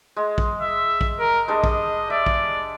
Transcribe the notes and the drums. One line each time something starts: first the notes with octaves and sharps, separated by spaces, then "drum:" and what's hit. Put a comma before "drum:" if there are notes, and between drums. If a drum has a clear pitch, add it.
G#3
drum: kick
E5
drum: kick
A#4
G3 G#3 D4 D#5
drum: kick
D5 E5
drum: kick